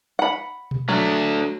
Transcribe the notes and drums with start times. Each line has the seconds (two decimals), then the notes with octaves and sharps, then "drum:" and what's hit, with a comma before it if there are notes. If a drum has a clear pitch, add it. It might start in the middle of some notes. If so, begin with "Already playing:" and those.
0.19 F#5 B5
0.71 drum: tom B2
0.89 F#3 A3 D4